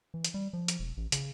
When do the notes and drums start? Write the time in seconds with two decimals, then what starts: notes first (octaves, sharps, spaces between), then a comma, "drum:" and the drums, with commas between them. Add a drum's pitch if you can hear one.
0.14 E3
0.25 drum: hi-hat
0.34 G3
0.53 F3
0.68 drum: hi-hat
0.79 E1
0.97 A1
1.12 C#3, drum: hi-hat